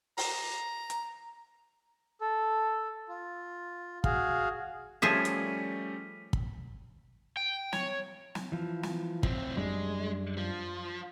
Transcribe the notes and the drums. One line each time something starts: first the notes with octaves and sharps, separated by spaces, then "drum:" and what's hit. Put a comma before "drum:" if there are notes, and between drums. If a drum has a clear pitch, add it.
A#5, drum: open hi-hat
drum: hi-hat
A4
F4
F#4 G#4 F5, drum: kick
F3 G3 A3 C#4 G#4 E5 B6 D#7
drum: hi-hat
drum: kick
G5
C#5, drum: snare
drum: snare
E3 F3
drum: snare
A2 C4, drum: kick
F#2 G3 G#3 D4
F3